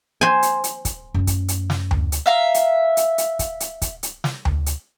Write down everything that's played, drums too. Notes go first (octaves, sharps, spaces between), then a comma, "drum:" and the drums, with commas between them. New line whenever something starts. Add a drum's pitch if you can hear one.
C5 G#5
drum: hi-hat
drum: hi-hat
drum: kick, hi-hat
F#2 A3
drum: kick, hi-hat
drum: hi-hat
drum: snare
drum: tom D2
drum: hi-hat
E5 F5 A#5
drum: hi-hat
drum: hi-hat
drum: hi-hat
drum: kick, hi-hat
drum: hi-hat
drum: kick, hi-hat
drum: hi-hat
drum: snare
drum: tom D2
drum: hi-hat